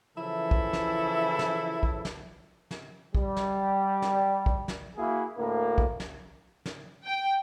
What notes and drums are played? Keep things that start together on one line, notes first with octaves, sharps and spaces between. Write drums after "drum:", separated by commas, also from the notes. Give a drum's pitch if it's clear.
C#3 E3 F3 E4 A4 E5
drum: kick
drum: snare
drum: snare
drum: kick
drum: snare
drum: snare
G3, drum: kick
drum: snare
drum: snare
drum: kick
drum: snare
A#3 E4 F#4 G#4
D2 A2 A#3
drum: kick
drum: snare
drum: snare
G5